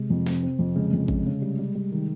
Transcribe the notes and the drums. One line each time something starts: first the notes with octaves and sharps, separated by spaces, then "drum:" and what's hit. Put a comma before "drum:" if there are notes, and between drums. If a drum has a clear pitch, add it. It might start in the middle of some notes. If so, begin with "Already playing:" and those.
Already playing: C3 G#3
F2
C4, drum: snare
C4
F2
C#3 G#3
F2
C#3, drum: kick A1
C#3
G3
G3
G3
D#3